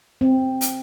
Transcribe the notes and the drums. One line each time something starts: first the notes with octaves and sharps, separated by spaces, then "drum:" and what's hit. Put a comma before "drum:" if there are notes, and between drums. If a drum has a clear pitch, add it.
C4
drum: hi-hat